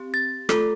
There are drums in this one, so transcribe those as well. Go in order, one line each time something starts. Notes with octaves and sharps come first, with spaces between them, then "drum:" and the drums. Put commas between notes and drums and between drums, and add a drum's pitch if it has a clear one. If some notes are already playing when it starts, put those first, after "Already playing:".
Already playing: C4 G4
A6
A3 F4 A4, drum: rim click